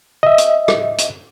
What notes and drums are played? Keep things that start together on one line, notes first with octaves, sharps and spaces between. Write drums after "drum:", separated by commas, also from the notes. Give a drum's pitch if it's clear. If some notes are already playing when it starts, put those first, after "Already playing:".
D#5 E5
drum: hi-hat
drum: rim click
drum: hi-hat